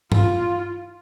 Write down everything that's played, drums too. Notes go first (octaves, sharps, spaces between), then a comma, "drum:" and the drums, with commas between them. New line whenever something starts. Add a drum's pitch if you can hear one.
F4, drum: tom G2